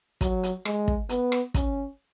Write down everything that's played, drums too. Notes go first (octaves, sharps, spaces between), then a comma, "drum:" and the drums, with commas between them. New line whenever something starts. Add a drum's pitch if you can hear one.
F#3, drum: kick, hi-hat
drum: hi-hat
G#3, drum: rim click
drum: kick
B3, drum: hi-hat
drum: rim click
C#4, drum: kick, hi-hat